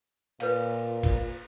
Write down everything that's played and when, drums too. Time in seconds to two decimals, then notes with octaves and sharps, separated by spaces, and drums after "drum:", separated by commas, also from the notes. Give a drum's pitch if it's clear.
0.40 A#2 B4 C#5 F5, drum: cymbal
1.03 drum: kick G1, cymbal